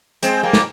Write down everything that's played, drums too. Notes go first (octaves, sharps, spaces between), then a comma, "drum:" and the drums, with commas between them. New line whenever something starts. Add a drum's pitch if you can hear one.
G#3 C4, drum: hi-hat
G3 A#3
drum: snare